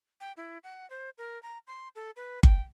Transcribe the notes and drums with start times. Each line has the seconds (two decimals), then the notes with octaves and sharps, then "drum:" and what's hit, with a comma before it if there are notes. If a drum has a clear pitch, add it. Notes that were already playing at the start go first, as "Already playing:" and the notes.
0.21 G5
0.37 E4
0.64 F#5
0.90 C5
1.18 A#4
1.43 A#5
1.67 C6
1.95 A4
2.16 B4
2.43 G5, drum: kick G1